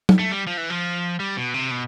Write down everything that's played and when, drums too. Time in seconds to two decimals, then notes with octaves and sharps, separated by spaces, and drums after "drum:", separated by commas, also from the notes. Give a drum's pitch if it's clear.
0.09 drum: tom
0.19 A3
0.31 G3
0.47 F3
0.57 E3
0.70 F3
1.20 G3
1.37 B2
1.54 C3
1.71 B2